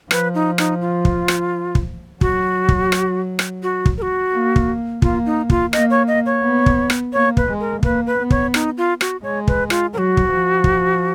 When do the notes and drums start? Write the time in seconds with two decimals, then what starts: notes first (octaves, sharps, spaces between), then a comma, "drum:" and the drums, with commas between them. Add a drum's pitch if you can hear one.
0.11 F3 B4, drum: rim click
0.34 D#4
0.58 D#4, drum: rim click
0.81 F4
1.05 drum: kick
1.28 drum: rim click
1.75 drum: kick
2.21 F#3 F#4, drum: kick
2.69 drum: kick
2.92 drum: rim click
3.39 drum: rim click
3.63 F#4
3.86 drum: kick
3.98 A#4
4.02 F#4
4.33 A#3
4.56 drum: kick
5.02 A#3 F4, drum: kick
5.26 D#4
5.50 F4, drum: kick
5.73 A#3 D#5, drum: rim click
5.90 C#5
6.08 D#5
6.26 C#5
6.43 B3
6.66 drum: kick
6.90 drum: rim click
7.13 A#3 C#5
7.37 B4, drum: kick
7.48 G#3
7.60 A#4
7.83 A#3 B4, drum: kick
8.07 B4
8.18 B3
8.30 C#5, drum: kick
8.54 D#4, drum: rim click
8.77 F4
9.01 F#4, drum: rim click
9.23 G#3 C#5
9.48 B4, drum: kick
9.70 F4, drum: rim click
9.93 F#3 F#4 A#4
10.17 drum: kick
10.29 F3
10.64 drum: kick